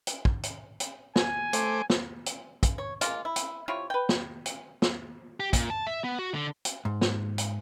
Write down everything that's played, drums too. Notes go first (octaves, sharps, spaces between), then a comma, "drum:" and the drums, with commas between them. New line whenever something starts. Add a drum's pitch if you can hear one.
drum: hi-hat
drum: kick
drum: hi-hat
drum: hi-hat
G#5, drum: snare
A3 C5 D6, drum: hi-hat
drum: snare
drum: hi-hat
drum: kick, hi-hat
C#5
G#3 A#3 F4, drum: hi-hat
E4
drum: hi-hat
C3 E4 F4 C#5
B4 G5
drum: snare
drum: hi-hat
drum: snare
G4
A#2, drum: kick, hi-hat
A5
E5
B3
F#4
D3
drum: hi-hat
G#2
drum: snare
drum: hi-hat